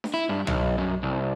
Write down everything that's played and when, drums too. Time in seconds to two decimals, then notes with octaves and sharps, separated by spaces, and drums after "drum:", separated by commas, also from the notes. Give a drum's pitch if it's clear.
0.04 drum: snare D4
0.14 E4
0.29 G2
0.47 B1, drum: tom
0.78 F#2
1.03 C2